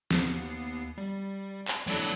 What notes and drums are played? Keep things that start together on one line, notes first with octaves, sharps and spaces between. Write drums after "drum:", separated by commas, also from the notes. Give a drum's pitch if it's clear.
D#2 B3 C7, drum: snare
G3
drum: clap
F#3 D4 E4 A4 D5